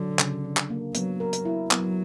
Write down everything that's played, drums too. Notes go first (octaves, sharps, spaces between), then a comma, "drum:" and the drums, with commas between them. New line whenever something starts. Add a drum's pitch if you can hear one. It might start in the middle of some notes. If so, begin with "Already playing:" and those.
Already playing: D3 F#3
C#3, drum: clap
D4
drum: clap
A#3
F#3 B3, drum: hi-hat
A#4
drum: hi-hat
E4
F#3 B3, drum: clap